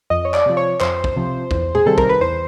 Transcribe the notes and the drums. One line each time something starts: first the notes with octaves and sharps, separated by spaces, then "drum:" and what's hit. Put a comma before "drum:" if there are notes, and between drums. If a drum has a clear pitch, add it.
F2 D#5
C#5
D5, drum: clap
C3 F3
C#5
F2 C5, drum: clap
drum: kick
C3 F3
E2, drum: kick
G#4, drum: tom
C3 D#3 G3 A4
A#4, drum: kick
B4
E2 C5